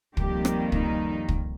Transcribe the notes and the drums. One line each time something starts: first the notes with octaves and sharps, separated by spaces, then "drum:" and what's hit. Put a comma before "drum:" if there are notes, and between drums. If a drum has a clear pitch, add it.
F2 D#3 G3 A#3 G4, drum: kick
drum: rim click
D#4, drum: kick
drum: kick